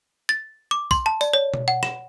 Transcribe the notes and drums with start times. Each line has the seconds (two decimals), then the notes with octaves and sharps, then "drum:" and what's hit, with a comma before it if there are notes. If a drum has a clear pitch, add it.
0.29 A6
0.71 D6
0.91 C6, drum: kick B1, tambourine
1.06 A5
1.21 D5, drum: tambourine
1.33 C#5
1.54 drum: tom B2
1.68 F#5
1.83 E7, drum: rim click